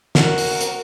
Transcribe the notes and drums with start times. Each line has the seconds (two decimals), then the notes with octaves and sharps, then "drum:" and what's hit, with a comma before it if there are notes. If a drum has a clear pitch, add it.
0.15 F#4 A#4, drum: snare
0.38 drum: open hi-hat
0.61 drum: hi-hat